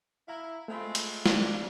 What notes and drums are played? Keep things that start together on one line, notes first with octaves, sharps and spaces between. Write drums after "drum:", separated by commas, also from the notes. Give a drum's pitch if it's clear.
E4 F5 A#5
G#3 A3 C4 F4 B5
drum: hi-hat
D4, drum: snare